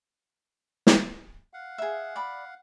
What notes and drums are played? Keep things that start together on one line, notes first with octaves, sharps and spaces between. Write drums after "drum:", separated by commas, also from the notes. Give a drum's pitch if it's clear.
drum: snare
F5 F#5
G#4 E5
D5 B5